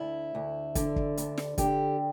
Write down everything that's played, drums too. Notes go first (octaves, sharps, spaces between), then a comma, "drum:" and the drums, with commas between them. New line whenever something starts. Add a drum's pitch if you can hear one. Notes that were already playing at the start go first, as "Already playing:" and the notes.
Already playing: D2 E4
D2
D3, drum: kick, hi-hat
drum: kick
D2, drum: hi-hat
drum: snare
D3 G4, drum: kick, hi-hat